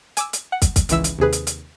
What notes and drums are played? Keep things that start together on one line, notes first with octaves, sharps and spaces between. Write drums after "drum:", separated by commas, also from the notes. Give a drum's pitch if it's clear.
G#5 D6 E6, drum: hi-hat
drum: hi-hat
F#5
drum: kick, hi-hat
drum: kick, hi-hat
G#1 C#2 E3 E5 E6, drum: hi-hat
drum: hi-hat
D#2 C3 G#4 B4
drum: hi-hat
drum: hi-hat